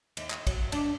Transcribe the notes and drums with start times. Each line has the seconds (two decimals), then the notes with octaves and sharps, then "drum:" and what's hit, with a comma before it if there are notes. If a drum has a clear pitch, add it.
0.17 D#2, drum: cymbal
0.30 drum: clap
0.47 F#3, drum: kick, cymbal
0.72 D4, drum: cymbal